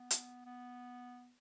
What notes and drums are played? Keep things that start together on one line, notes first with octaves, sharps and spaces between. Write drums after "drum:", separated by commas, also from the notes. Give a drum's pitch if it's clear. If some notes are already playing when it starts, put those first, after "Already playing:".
Already playing: B3
drum: hi-hat
B3